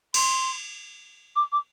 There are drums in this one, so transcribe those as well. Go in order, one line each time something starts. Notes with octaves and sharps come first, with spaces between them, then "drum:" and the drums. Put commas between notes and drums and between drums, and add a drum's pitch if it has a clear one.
C6, drum: cymbal
D6
D6